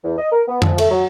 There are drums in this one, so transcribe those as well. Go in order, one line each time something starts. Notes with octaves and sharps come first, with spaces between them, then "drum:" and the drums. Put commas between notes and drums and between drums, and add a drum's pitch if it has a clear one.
E2
D#5
A#4
B3
F3, drum: tom F2
A3, drum: cymbal
F#3